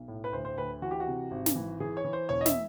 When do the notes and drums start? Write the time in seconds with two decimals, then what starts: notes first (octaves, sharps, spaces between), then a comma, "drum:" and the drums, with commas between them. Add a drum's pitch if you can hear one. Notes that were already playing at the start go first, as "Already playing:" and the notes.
Already playing: B1
0.08 A2
0.24 B4
0.33 D2 C5
0.45 C5
0.58 D2 B4
0.82 E3 F#4
0.91 G4
1.00 F#4
1.07 C3
1.31 G#1
1.46 drum: snare
1.56 E3
1.80 E3 G#4
1.97 C#5
2.05 E3
2.13 C5
2.29 E1 C#5
2.41 D#5
2.46 E5, drum: snare